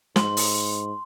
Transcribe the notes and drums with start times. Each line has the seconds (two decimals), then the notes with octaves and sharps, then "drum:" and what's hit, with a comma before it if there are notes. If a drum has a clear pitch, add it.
0.16 G#2 C6, drum: snare
0.37 drum: open hi-hat